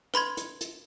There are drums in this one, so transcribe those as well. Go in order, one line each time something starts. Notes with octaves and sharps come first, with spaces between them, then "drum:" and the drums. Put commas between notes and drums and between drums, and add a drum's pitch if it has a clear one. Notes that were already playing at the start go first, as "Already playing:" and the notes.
B4 B5 C6 G#6, drum: hi-hat
drum: hi-hat
drum: hi-hat